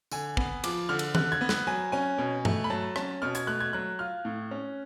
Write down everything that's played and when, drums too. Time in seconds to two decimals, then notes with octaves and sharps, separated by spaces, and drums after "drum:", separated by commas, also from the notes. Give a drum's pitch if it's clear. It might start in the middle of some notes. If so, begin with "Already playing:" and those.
0.11 D3 G#5, drum: tambourine
0.37 B3, drum: kick
0.64 F3 D6, drum: cymbal
0.89 D3 F6
0.99 drum: cymbal
1.15 D3 F#6, drum: tom D#3
1.32 G#6
1.41 B3
1.49 F#6, drum: snare
1.67 F#3 G#5
1.92 C#4 G#5
2.18 B2
2.45 A3, drum: tom G2
2.64 B5
2.70 F#3 A5
2.96 C#4 A5, drum: rim click
3.22 B2 F6
3.35 G#6, drum: hi-hat
3.47 A3 F#6
3.60 G#6
3.73 F#3 F#6
3.99 F4 F6
4.25 A2
4.51 C#4